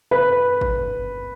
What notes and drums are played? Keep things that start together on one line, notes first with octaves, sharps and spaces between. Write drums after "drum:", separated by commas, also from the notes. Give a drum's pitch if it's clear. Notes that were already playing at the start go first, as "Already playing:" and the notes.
B4
drum: kick